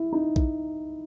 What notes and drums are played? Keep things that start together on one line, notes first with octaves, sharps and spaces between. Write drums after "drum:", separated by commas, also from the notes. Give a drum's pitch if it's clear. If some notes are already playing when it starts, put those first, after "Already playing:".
Already playing: E4
D#4
drum: kick A#1